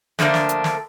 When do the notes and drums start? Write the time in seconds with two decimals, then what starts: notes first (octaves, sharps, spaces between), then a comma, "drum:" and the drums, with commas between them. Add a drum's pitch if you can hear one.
0.19 D3 F3 A3 A#3 D4, drum: snare
0.34 drum: snare
0.49 drum: hi-hat
0.64 drum: snare